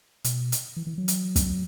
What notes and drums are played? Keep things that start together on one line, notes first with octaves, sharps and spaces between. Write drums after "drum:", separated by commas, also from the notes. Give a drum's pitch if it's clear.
B2, drum: hi-hat
drum: hi-hat
E3
E3
F#3
drum: hi-hat
drum: kick, hi-hat